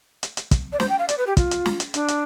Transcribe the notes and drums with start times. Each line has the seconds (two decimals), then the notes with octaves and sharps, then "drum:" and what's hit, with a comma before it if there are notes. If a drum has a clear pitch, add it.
0.23 drum: hi-hat
0.37 drum: hi-hat
0.51 drum: kick, hi-hat
0.73 D5
0.80 C5, drum: snare
0.89 G5
0.99 F5
1.09 D5, drum: hi-hat
1.18 B4
1.27 G4
1.37 F4, drum: kick, hi-hat
1.51 drum: hi-hat
1.66 drum: snare
1.80 drum: hi-hat
1.94 D4, drum: hi-hat
2.08 drum: hi-hat